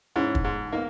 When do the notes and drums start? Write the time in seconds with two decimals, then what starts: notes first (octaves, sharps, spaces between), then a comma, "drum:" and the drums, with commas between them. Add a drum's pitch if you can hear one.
0.16 G#2 C#4 E4
0.35 drum: kick
0.44 G#2
0.73 A#3 B3 D#4